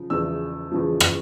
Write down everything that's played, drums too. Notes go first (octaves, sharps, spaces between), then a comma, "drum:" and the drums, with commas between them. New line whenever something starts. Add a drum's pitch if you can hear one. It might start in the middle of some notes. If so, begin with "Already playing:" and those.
Already playing: C#3 F3
E2 C#3 F3 E6
E2 C#3 F3
drum: rim click